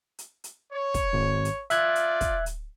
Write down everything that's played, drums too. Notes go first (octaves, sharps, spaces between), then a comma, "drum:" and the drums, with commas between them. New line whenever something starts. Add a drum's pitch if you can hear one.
drum: hi-hat
drum: hi-hat
C#5
drum: kick, hi-hat
G#1
drum: hi-hat
F4 D5 E5 F#6 G#6, drum: hi-hat
drum: hi-hat
drum: kick, hi-hat
drum: hi-hat